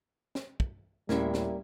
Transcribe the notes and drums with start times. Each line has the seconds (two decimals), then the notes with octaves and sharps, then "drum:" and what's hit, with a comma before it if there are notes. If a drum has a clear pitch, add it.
0.35 drum: snare
0.60 drum: kick
1.09 D1 A2 G3 A#3 C#4 E4 E5, drum: snare
1.34 drum: snare